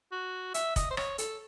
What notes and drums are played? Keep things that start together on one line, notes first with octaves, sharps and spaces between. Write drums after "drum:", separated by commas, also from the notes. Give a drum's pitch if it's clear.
F#4
E5, drum: hi-hat
D#5, drum: kick F1, hi-hat
C5
C#5, drum: rim click
A4, drum: hi-hat